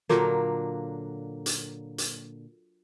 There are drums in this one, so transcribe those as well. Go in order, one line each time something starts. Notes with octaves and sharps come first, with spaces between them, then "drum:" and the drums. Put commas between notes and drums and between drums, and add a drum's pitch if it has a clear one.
A#2 D3 F#3 A#3, drum: snare
drum: hi-hat
drum: hi-hat